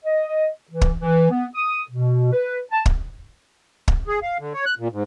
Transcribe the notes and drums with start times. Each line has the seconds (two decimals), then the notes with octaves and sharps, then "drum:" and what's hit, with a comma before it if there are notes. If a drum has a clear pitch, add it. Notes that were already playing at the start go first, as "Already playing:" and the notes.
0.05 D#5
0.71 E3
0.81 drum: kick
1.00 E3
1.31 B3
1.55 D#6
1.90 B2
2.33 B4
2.72 A5
2.86 drum: kick
3.88 drum: kick
4.07 G#4
4.22 F5
4.39 D3
4.54 C#5
4.65 F#6
4.79 A#2
4.92 G#2